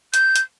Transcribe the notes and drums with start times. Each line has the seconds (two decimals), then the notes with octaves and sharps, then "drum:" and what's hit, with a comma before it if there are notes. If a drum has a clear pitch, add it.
0.14 G6, drum: hi-hat
0.36 drum: hi-hat